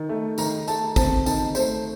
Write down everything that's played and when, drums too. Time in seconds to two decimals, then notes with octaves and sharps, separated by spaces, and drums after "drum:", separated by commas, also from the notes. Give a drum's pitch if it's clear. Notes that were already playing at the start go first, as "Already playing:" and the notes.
Already playing: D#3
0.09 A3
0.38 D#3 A#5, drum: tambourine
0.68 A3 A5, drum: tambourine
0.96 C4 A5, drum: kick, tambourine
1.26 D#3 A5, drum: tambourine
1.55 A3 C5, drum: tambourine